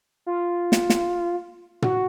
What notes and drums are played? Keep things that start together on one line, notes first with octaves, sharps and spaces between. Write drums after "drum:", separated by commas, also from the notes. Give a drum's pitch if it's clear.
F4
drum: snare
drum: snare
F#4, drum: tom